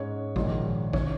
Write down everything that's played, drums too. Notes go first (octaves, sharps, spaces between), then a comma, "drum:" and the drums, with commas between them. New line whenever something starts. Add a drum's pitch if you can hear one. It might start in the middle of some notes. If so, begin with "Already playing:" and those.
Already playing: G#2 G#3 C#4 C#5
A#1 G#2 D#3, drum: kick G#1
D#3 C#4 C#5, drum: kick G#1